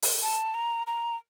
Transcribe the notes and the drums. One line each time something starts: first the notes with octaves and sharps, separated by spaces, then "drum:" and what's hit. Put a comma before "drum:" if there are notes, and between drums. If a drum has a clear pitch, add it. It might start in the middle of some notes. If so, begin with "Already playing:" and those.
drum: open hi-hat
A5
A#5
A#5